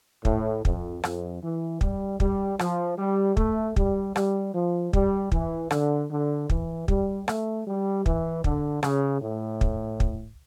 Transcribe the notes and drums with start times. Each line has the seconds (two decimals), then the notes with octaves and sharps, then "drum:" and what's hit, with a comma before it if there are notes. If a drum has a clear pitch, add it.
0.25 A2, drum: kick
0.65 F2, drum: kick
1.04 F2, drum: rim click
1.43 E3
1.81 G3, drum: kick
2.20 G3, drum: kick
2.59 F3, drum: rim click
2.98 G3
3.37 A3, drum: kick
3.76 G3, drum: kick
4.16 G3, drum: rim click
4.54 F3
4.93 G3, drum: kick
5.32 E3, drum: kick
5.71 D3, drum: rim click
6.11 D3
6.50 E3, drum: kick
6.88 G3, drum: kick
7.28 A3, drum: rim click
7.66 G3
8.06 E3, drum: kick
8.44 D3, drum: kick
8.83 C#3, drum: rim click
9.21 A2
9.61 drum: kick
10.00 drum: kick